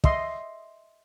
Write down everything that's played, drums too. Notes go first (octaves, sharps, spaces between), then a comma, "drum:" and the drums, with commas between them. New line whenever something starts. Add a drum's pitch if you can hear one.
D#5 E5 C6, drum: kick